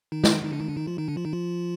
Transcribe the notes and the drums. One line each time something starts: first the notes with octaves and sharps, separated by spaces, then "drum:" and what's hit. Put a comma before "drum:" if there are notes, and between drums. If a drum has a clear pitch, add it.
D#3 D#4
drum: snare
D#3 D#4
D3 D4
D#3 D#4
D3 D4
D#3 D#4
F3 F4
D#3 D#4
D3 D4
F3 F4
D#3 D#4
F3 F4